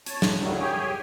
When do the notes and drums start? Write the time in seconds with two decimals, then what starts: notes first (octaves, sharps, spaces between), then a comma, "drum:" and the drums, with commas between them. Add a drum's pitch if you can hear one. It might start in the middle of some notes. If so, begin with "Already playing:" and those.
0.06 C#5 A5, drum: hi-hat
0.22 drum: snare
0.40 F#2 A2 C#3 F#3 G3
0.60 G4 G#4 C#5 G5 G#5